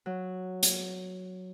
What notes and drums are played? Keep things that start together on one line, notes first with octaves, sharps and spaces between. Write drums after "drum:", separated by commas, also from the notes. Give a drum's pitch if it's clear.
F#3
drum: hi-hat